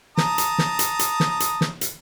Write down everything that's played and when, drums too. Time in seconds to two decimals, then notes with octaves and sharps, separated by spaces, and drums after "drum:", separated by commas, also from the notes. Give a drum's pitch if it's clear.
0.17 A5 A#5 D#6, drum: snare
0.38 drum: hi-hat
0.58 drum: snare
0.79 drum: hi-hat
0.99 drum: hi-hat
1.20 drum: snare
1.40 drum: hi-hat
1.61 drum: snare
1.81 drum: hi-hat